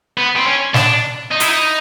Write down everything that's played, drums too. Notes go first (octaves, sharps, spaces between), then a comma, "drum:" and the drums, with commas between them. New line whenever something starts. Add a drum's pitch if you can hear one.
B3
C4
C#4
D4, drum: snare
D#4
E4, drum: hi-hat
D#4